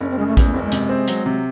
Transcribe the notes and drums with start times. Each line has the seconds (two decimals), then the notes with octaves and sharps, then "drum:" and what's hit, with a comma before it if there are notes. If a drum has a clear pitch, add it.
0.01 F#1 C#4
0.10 C4
0.18 C#3 G#3
0.27 A3
0.37 E2, drum: kick A#1, hi-hat
0.45 A3
0.54 F#1 C4
0.64 G#3
0.72 C3, drum: hi-hat
0.89 C4
1.08 F#3, drum: hi-hat
1.26 C3